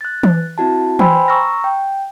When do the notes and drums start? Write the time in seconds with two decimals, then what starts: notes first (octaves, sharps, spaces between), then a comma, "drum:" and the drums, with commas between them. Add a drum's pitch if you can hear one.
0.01 F#6 A6
0.23 drum: tom E3
0.58 C4 E4 F#4 A5
0.99 C5 G5 G#5 B5 C6 E6, drum: tom E3
1.28 A#5 C#6 E6 F6 A#6
1.64 G5